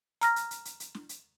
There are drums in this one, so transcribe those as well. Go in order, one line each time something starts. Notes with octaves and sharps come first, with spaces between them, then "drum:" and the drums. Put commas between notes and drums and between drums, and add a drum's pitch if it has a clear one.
A#5 F6 A#6, drum: hi-hat
drum: hi-hat
drum: hi-hat
drum: hi-hat
drum: hi-hat
drum: snare
drum: hi-hat